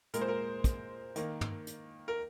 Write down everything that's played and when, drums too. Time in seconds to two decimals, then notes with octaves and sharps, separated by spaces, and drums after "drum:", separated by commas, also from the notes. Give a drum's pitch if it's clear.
0.14 A#2 G#3 A#4, drum: hi-hat
0.21 C5
0.28 A#4
0.64 drum: kick, hi-hat
1.16 D#3 A#3, drum: hi-hat
1.41 drum: tom
1.67 drum: hi-hat
2.08 A#4